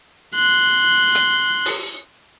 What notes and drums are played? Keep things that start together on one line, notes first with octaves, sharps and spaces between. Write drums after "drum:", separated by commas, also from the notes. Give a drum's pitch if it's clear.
C6 F#6
drum: hi-hat
drum: open hi-hat